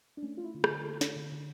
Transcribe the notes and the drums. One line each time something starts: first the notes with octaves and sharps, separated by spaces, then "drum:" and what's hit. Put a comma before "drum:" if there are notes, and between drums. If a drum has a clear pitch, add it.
D4
A3 C#4
A3 F4
E4
D3
F4, drum: rim click
D3
A3 A4
A3, drum: snare
D3
D3